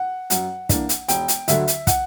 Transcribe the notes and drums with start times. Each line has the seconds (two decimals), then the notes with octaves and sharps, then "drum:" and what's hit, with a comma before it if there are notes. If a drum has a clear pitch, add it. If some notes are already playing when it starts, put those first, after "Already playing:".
Already playing: F#5
0.30 F#2 F#5, drum: hi-hat
0.69 E3 A#3 D4, drum: kick, hi-hat
0.89 drum: hi-hat
1.08 E1 G5, drum: hi-hat
1.28 drum: hi-hat
1.48 D2 D3 F#3 E5, drum: hi-hat
1.68 drum: hi-hat
1.87 F#5, drum: kick, hi-hat